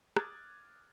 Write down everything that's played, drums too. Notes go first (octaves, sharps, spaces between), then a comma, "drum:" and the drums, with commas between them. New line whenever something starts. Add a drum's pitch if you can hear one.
D6 D#6 F6 F#6 G#6 A6, drum: rim click